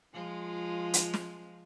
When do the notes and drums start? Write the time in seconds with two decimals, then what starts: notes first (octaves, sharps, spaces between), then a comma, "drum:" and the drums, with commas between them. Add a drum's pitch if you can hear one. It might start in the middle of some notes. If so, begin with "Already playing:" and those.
0.13 F3 G#3 F4
0.94 drum: hi-hat
1.14 drum: snare